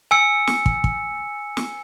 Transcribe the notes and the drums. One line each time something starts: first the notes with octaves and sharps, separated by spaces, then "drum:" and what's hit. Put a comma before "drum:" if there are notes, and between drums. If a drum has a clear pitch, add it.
G#5 E6 C#7
drum: snare
drum: kick
drum: kick
drum: snare